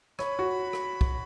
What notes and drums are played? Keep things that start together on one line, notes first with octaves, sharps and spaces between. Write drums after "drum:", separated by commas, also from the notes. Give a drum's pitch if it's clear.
C#5 B5, drum: rim click
F#4
drum: rim click
drum: kick